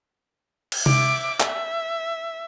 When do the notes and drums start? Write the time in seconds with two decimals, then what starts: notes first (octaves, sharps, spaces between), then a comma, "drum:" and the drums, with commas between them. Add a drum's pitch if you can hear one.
0.72 drum: cymbal
0.86 E5 D6, drum: tom C3
1.40 E5, drum: clap